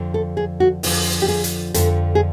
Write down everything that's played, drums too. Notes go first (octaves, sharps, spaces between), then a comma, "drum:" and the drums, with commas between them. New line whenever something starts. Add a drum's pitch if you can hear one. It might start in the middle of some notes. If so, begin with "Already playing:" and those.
Already playing: F2 D3 F3
A4
G#4
F#4
F2 D3 F3, drum: open hi-hat
G4
G#4
drum: hi-hat
F2 D3 F3 A4, drum: hi-hat
G#4